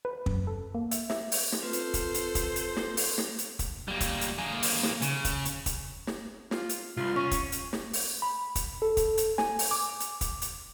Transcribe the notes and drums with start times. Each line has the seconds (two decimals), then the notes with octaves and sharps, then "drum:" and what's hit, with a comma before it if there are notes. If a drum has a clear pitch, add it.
0.05 B4
0.26 F#2, drum: kick
0.47 A4
0.74 A#3
0.91 E5, drum: hi-hat
1.10 E5, drum: snare
1.32 drum: open hi-hat
1.52 drum: snare
1.62 C4 F4 A4 B4 C5
1.73 drum: hi-hat
1.94 drum: kick, hi-hat
2.14 drum: hi-hat
2.35 drum: kick, hi-hat
2.56 drum: hi-hat
2.76 drum: snare
2.97 drum: open hi-hat
3.18 drum: snare
3.38 drum: hi-hat
3.59 drum: kick, hi-hat
3.88 G3 A#3
4.00 drum: kick, hi-hat
4.21 drum: hi-hat
4.38 A#3 G#4
4.63 drum: open hi-hat
4.83 drum: snare
5.02 C#3, drum: hi-hat
5.25 drum: kick, hi-hat
5.45 drum: hi-hat
5.66 drum: kick, hi-hat
6.07 drum: snare
6.51 F4, drum: snare
6.69 drum: hi-hat
6.97 C2 F4
7.16 C#4 C#6
7.31 drum: kick, hi-hat
7.52 drum: hi-hat
7.73 drum: snare
7.93 drum: open hi-hat
8.22 B5
8.55 drum: kick, hi-hat
8.82 A4
8.97 drum: kick, hi-hat
9.17 drum: hi-hat
9.38 G#5, drum: snare
9.59 drum: open hi-hat
9.71 D6
10.00 drum: hi-hat
10.21 drum: kick, hi-hat
10.42 drum: hi-hat